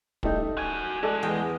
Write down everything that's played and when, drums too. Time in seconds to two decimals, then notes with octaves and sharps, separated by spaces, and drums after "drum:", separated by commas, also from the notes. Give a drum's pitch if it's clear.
0.23 G3 A3 D#4, drum: kick
0.57 F#4 G#5
1.03 G#3 A4 D5
1.23 E2 D#5 G5